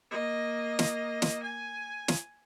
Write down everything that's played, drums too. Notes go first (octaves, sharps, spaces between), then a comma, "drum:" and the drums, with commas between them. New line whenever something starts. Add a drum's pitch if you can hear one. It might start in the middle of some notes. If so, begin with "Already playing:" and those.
A#3 D#5
drum: snare
drum: snare
G#5
drum: snare